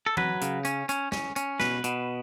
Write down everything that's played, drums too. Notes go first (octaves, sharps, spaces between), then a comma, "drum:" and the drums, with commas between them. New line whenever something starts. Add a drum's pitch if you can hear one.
A4
F#3 B4, drum: tom
C#3, drum: hi-hat
C#4, drum: hi-hat
C#4, drum: hi-hat
C#4, drum: snare
C#4, drum: hi-hat
B2 B4, drum: snare
B2, drum: hi-hat